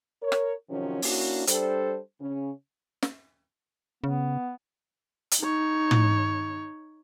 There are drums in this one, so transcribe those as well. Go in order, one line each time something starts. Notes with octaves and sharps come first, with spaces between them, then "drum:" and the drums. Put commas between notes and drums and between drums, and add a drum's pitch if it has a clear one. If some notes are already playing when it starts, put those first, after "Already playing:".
A#4 C#5
drum: rim click
C3 D#3 F3 F#3 C#4
A#3 C#4 D4 E4 F#4, drum: open hi-hat
G3 D4 A4 C5, drum: hi-hat
C#3 C#4
drum: snare
C#3 B3
drum: hi-hat
D#4 C#5
drum: tom